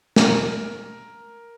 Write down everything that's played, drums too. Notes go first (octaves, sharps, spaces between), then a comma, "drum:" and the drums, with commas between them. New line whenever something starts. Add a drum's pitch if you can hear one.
A#4, drum: snare